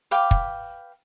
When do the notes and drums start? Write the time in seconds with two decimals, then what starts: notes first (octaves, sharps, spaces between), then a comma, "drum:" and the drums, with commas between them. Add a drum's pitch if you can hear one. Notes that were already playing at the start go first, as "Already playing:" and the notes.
0.11 B4 F5 G5 D6
0.31 drum: kick